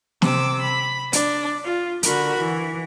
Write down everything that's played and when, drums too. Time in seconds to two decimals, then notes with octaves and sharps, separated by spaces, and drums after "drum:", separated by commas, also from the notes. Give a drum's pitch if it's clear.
0.22 C3 D6 E6, drum: snare
0.62 B5
1.13 D4, drum: hi-hat
1.63 F4
2.03 D3 F#4 A#4 B5, drum: hi-hat
2.38 E3